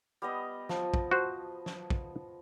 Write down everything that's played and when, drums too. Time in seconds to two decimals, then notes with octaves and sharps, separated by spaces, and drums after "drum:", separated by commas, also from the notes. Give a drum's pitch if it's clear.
0.22 G3 B3 D#5
0.69 F3, drum: snare
0.94 drum: kick
1.11 F#4 C5
1.66 drum: snare
1.90 drum: kick